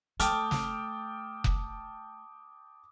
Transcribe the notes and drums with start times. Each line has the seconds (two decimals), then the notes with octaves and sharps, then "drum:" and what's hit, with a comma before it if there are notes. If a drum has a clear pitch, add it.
0.20 A3 G5 A5 D6 D#6 F6, drum: hi-hat
0.51 drum: snare
1.44 drum: kick F1